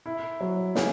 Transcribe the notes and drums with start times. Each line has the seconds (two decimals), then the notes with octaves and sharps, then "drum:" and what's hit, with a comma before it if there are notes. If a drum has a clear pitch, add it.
0.06 E4
0.41 F#3
0.75 C#3, drum: snare